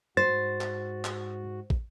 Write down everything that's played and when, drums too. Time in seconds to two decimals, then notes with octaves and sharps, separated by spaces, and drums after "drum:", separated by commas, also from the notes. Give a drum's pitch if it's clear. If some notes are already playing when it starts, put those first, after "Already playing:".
0.17 G#2 F#4 C5 A6
0.61 drum: clap
1.05 drum: clap
1.70 drum: kick